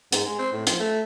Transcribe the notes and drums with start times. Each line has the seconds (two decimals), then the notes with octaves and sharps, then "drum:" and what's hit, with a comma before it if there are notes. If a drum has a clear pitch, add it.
0.12 G#2, drum: hi-hat
0.25 G#3
0.39 C4
0.52 A2
0.67 F3, drum: hi-hat
0.80 A3